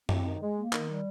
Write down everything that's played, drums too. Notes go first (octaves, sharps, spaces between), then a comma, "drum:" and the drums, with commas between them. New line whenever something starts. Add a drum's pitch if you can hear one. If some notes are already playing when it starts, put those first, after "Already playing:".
C4, drum: tom F#2
D#3
G#3
A#3
D#3, drum: clap
G3